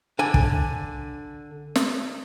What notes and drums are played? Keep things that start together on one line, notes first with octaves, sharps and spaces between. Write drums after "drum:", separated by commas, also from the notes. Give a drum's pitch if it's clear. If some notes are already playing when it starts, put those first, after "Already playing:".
D3 D4 G#5
drum: kick
drum: snare